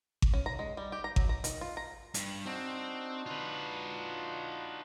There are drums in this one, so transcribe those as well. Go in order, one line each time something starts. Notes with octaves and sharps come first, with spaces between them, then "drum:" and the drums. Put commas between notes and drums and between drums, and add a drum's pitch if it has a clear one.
drum: kick G#1
C#4
A#5
G#3
G3
G4
A#5
F#3, drum: kick G#1
A#5
D#3, drum: hi-hat
F4
A#5
G2, drum: hi-hat
C4 D4 D#4 F#4
F4 B4